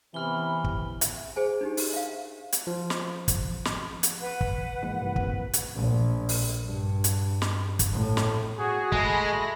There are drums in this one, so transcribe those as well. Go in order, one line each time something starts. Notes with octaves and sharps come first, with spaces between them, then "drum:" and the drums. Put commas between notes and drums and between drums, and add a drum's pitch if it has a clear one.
C3 E3 B3 B5 F6 G7
drum: kick
E5, drum: hi-hat
G#4 C5 G#5
D4 D#4 G4
drum: open hi-hat
E5 F5
drum: hi-hat
F3
drum: snare
drum: kick, hi-hat
drum: snare
drum: hi-hat
B4 F#5
drum: kick
G#2 E3 F3 A#3
G2 C3 B4
drum: kick
drum: hi-hat
A#1
drum: open hi-hat
G2
drum: hi-hat
drum: snare
drum: kick, hi-hat
A2
drum: snare
F#4 G#4
G#3 A3 G#5 B5 A#6, drum: kick